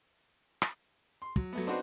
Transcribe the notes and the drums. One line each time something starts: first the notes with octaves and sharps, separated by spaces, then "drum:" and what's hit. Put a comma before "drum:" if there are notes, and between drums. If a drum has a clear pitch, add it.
drum: rim click
C6
F#3, drum: kick
F#3 A3 B3
C4 D4 D#4 F#4 B4 C6